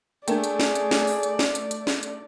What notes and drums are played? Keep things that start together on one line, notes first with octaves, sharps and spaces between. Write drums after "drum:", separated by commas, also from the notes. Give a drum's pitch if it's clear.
A3 D4 G#4 A#4 D5 G5, drum: hi-hat
drum: hi-hat
drum: snare
drum: hi-hat
drum: snare
drum: open hi-hat
drum: hi-hat
drum: snare
drum: hi-hat
drum: hi-hat
drum: snare
drum: hi-hat